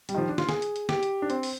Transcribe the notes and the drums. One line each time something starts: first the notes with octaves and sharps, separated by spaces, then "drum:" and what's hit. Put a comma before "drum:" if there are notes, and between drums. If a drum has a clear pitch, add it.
G3, drum: hi-hat
D#3
F3
D4
F4, drum: snare
G#4, drum: snare
drum: hi-hat
drum: hi-hat
G4, drum: snare
drum: hi-hat
D4
C4, drum: hi-hat
drum: open hi-hat